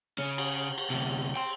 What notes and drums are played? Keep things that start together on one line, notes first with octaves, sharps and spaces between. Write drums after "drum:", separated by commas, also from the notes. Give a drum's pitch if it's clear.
C#3 C#4
drum: cymbal
drum: cymbal
D2 C3
G5 C6